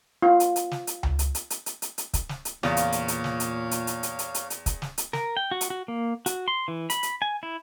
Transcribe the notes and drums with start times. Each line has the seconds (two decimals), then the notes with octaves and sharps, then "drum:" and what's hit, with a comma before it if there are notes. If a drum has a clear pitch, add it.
0.23 F4
0.40 drum: hi-hat
0.56 drum: hi-hat
0.71 drum: snare
0.87 drum: hi-hat
1.03 drum: tom C#2
1.19 drum: hi-hat
1.35 drum: hi-hat
1.50 drum: hi-hat
1.66 drum: hi-hat
1.82 drum: hi-hat
1.98 drum: hi-hat
2.14 drum: kick, hi-hat
2.29 drum: snare
2.45 drum: hi-hat
2.63 E2 A#2 C#3 B3 F4 C#5 F5, drum: snare
2.77 drum: hi-hat
2.92 drum: hi-hat
3.08 drum: hi-hat
3.24 drum: snare
3.40 drum: hi-hat
3.71 drum: hi-hat
3.87 drum: hi-hat
4.03 drum: hi-hat
4.19 drum: hi-hat
4.34 drum: hi-hat
4.50 drum: hi-hat
4.66 drum: kick, hi-hat
4.82 drum: snare
4.98 drum: hi-hat
5.13 A#4, drum: snare
5.37 G5
5.51 F#4
5.61 drum: hi-hat
5.70 F#4
5.88 A#3
6.26 F#4, drum: hi-hat
6.48 C6
6.68 E3
6.90 B5, drum: hi-hat
7.03 drum: hi-hat
7.22 G#5
7.43 E4